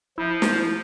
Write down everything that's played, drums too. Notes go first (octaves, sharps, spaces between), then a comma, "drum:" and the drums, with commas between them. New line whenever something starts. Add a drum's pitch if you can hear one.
F3 E4
drum: snare